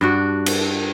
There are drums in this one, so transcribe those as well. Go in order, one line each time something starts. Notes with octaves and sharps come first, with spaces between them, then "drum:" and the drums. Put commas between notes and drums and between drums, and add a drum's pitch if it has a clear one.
G2 D4 F#4
drum: cymbal